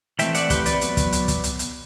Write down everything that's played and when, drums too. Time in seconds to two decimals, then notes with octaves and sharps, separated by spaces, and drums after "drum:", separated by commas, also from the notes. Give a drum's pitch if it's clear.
0.19 E3 A3 C4 E5 G5, drum: hi-hat
0.35 D5 F#5, drum: hi-hat
0.50 G4 B4, drum: kick, hi-hat
0.66 B4 D5, drum: hi-hat
0.81 F#3 B3, drum: hi-hat
0.97 drum: kick, hi-hat
1.12 drum: hi-hat
1.28 drum: kick, hi-hat
1.44 drum: hi-hat
1.59 drum: hi-hat